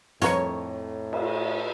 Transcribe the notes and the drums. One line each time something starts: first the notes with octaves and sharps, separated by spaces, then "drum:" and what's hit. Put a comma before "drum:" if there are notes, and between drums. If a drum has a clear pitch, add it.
F2 A2 F4 A#4 B4 C#5 A#5 C#7, drum: hi-hat
drum: cymbal